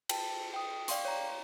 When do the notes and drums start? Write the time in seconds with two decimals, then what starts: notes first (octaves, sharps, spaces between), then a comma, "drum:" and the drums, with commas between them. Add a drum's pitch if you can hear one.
0.09 G5 A5, drum: cymbal
0.54 G5 D#6
0.88 D5 F5 G5 C6 C#6, drum: hi-hat
1.05 C#5 A#5